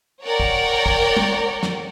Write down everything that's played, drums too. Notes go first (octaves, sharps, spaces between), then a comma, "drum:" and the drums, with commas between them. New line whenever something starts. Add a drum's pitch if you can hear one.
A#4 C#5 D5 F#5 G5 A#5
drum: kick
drum: kick
drum: tom
drum: snare